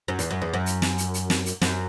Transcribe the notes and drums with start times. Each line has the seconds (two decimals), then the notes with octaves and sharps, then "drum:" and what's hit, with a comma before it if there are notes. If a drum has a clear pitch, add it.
0.08 F#2
0.19 E2, drum: hi-hat
0.31 F#2
0.42 E2
0.54 F#2
0.66 drum: hi-hat
0.82 drum: snare
0.98 drum: hi-hat
1.14 drum: hi-hat
1.30 drum: snare
1.46 drum: hi-hat
1.62 F#2, drum: snare